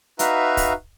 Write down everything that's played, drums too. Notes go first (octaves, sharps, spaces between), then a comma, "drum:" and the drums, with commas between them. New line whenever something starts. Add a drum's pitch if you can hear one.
D#4 F#4 B4 E5 F5 A#5, drum: hi-hat
drum: kick, open hi-hat